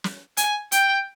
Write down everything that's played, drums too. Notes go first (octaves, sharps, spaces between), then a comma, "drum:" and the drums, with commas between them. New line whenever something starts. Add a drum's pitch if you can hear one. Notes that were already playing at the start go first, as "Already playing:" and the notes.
drum: snare
G#5, drum: hi-hat
G5, drum: hi-hat